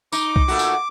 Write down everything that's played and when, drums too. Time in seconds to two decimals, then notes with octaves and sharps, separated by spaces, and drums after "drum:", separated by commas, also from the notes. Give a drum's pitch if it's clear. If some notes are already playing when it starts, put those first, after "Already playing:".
0.12 D#4 D6, drum: tambourine
0.36 drum: kick
0.48 A#2 A3 F#4
0.59 drum: tambourine